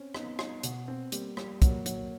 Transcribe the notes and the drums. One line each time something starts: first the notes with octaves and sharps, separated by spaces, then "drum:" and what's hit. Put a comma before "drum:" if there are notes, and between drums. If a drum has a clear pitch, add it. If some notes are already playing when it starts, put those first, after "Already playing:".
Already playing: C4 C#4
B3 D#4, drum: rim click
D#4, drum: rim click
B2, drum: hi-hat
C4
G3 A#3, drum: hi-hat
G3, drum: rim click
F#3 A#3, drum: kick, hi-hat
F#3, drum: hi-hat